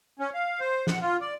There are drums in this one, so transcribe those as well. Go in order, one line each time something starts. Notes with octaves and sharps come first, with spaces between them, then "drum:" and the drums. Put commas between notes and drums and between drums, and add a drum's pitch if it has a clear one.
C#4
F5
C5
F#5, drum: snare
F4
D5